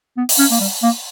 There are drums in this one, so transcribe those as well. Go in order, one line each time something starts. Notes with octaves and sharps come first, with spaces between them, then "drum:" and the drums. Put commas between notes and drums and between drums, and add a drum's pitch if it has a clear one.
B3
drum: open hi-hat
C#4
A#3
G3
A#3